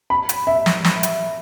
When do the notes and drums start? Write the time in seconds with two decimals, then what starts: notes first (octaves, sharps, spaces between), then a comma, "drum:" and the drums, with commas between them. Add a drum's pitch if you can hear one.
0.10 B5
0.29 drum: hi-hat
0.47 E5
0.66 drum: snare
0.85 drum: snare
1.03 drum: hi-hat